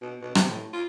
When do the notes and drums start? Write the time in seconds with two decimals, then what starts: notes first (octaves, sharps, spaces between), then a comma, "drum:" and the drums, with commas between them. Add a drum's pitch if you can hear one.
0.02 B2
0.21 B2
0.35 C3, drum: rim click
0.49 A2
0.73 F4